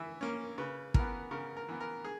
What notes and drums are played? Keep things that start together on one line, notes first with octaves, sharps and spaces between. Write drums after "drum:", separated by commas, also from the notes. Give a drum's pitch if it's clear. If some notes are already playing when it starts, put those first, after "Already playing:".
Already playing: E3 E5
A#3 C#4
C#3 B4
E3 B3 A#4, drum: kick
C#3 A#4
A#4
E3 B3
A#4
G#4